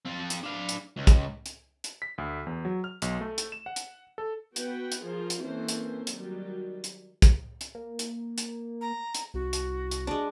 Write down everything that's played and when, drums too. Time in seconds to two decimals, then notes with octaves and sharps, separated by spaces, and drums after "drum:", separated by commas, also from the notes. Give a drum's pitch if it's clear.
0.05 C4 F4
0.30 drum: hi-hat
0.44 D4 F5
0.69 drum: hi-hat
0.96 C#2
1.07 drum: kick, hi-hat
1.46 drum: hi-hat
1.84 drum: hi-hat
2.02 B6
2.18 D2
2.47 E2
2.65 F#3
2.84 F6
3.02 B1, drum: hi-hat
3.21 A3
3.38 drum: hi-hat
3.52 E7
3.66 F#5
3.76 drum: hi-hat
4.18 A4
4.56 B3 F#4 B4 F#5 G5, drum: hi-hat
4.92 drum: hi-hat
5.03 F3 F4 G#4 A#4 C5
5.30 drum: hi-hat
5.44 E3 A#3 C4 C#4 A4 C5
5.69 drum: hi-hat
6.07 D#3 F#3 G3, drum: hi-hat
6.84 drum: hi-hat
7.22 drum: kick, hi-hat
7.61 drum: hi-hat
7.75 A#3
7.99 drum: hi-hat
8.38 drum: hi-hat
8.81 A#5
9.15 drum: hi-hat
9.34 C2 F#4
9.53 drum: hi-hat
9.91 drum: hi-hat
10.07 G#3 D4